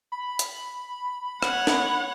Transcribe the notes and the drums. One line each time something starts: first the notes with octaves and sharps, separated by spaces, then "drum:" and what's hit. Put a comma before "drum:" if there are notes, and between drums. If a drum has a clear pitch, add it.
B5
drum: hi-hat
C#5 F#5, drum: rim click
drum: snare